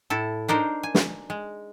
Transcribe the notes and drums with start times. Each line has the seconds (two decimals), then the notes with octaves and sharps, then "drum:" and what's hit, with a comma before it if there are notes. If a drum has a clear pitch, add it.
0.10 A2 E4 A4
0.48 D4 D#4 A#4 C5
0.83 G#5
0.95 drum: snare
1.30 G#3